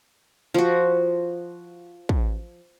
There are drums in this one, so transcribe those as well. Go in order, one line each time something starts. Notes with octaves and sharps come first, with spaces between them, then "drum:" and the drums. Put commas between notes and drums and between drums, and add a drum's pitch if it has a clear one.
F3 F#4
drum: kick